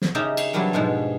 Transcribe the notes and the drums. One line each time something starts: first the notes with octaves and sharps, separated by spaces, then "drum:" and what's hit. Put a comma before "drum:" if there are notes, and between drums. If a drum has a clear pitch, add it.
drum: snare
C#3 D#4 G4 E5 G5 A#5
drum: cymbal
E3 F#3 G3 C4 D4 E4
G#2 B2 F3 G#3